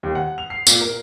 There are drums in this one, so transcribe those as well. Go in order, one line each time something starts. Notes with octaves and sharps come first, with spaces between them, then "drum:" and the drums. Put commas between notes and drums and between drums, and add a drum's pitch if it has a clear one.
D#2
F#5
F7
C7
A#2, drum: tambourine
A#4